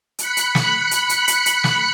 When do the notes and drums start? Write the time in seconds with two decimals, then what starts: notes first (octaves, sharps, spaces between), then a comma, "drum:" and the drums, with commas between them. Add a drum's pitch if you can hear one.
0.19 B5 F#6 C#7, drum: hi-hat
0.37 drum: hi-hat
0.55 drum: snare
0.91 drum: hi-hat
1.09 drum: hi-hat
1.28 drum: hi-hat
1.46 drum: hi-hat
1.64 drum: snare